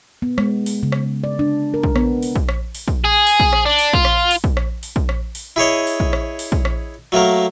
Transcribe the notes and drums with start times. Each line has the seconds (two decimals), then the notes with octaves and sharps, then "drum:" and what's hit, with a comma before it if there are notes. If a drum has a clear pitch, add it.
0.22 B3
0.38 G#3, drum: rim click
0.66 drum: open hi-hat
0.83 C#3
0.92 drum: rim click
1.24 D5
1.39 D4
1.74 A#4
1.83 drum: kick
1.96 B3, drum: rim click
2.23 drum: open hi-hat
2.36 drum: kick
2.49 drum: rim click
2.75 drum: open hi-hat
2.88 drum: kick
3.04 G#4
3.27 drum: open hi-hat
3.40 drum: kick
3.53 drum: rim click
3.66 D4
3.79 drum: open hi-hat
3.93 F4, drum: kick
4.05 drum: rim click
4.31 drum: open hi-hat
4.44 drum: kick
4.57 drum: rim click
4.83 drum: open hi-hat
4.96 drum: kick
5.09 drum: rim click
5.35 drum: open hi-hat
5.56 E4 G#4 C#5 D#5
5.87 drum: open hi-hat
6.00 drum: kick
6.13 drum: rim click
6.39 drum: open hi-hat
6.52 drum: kick
6.65 drum: rim click
7.12 F#3 A3 A#3 A#4